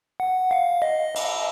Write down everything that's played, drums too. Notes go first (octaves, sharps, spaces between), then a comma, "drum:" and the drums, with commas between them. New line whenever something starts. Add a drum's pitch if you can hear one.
F#5
F5
D#5
drum: cymbal